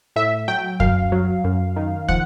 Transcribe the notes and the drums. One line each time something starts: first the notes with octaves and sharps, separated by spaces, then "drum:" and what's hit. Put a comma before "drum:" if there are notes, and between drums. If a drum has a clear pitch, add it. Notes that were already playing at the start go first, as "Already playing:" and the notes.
A2 E5
F#3 G5
F#2 F5, drum: kick
F#3
F#2
D#3
F3 F#5, drum: kick